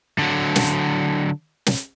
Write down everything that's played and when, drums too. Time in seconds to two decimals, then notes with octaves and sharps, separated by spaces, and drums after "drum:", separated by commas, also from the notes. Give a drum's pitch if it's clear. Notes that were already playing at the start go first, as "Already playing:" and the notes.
0.19 D3 F#3
0.56 drum: snare
1.66 drum: snare